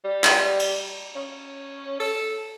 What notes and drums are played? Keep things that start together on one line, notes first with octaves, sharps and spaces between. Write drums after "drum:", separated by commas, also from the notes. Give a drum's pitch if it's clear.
G3
drum: clap
drum: cymbal
C#4
A4, drum: open hi-hat